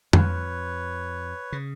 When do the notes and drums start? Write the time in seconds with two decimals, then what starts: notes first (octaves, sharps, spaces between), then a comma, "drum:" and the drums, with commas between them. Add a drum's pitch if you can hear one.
0.13 F2 B4 C#5, drum: tom F2
1.52 C#3